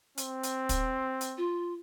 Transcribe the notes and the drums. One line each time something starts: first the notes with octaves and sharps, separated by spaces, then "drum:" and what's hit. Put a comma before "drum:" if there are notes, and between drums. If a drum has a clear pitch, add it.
C4, drum: hi-hat
drum: hi-hat
drum: kick, hi-hat
drum: hi-hat
F4